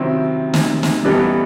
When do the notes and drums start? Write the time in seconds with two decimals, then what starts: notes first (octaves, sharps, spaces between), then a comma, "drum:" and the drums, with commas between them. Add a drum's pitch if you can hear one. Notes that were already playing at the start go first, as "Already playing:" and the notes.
Already playing: C3 D#3 F#3 C4 E4
0.54 drum: snare
0.83 drum: snare
1.05 E3 G3 B3 D#4 A4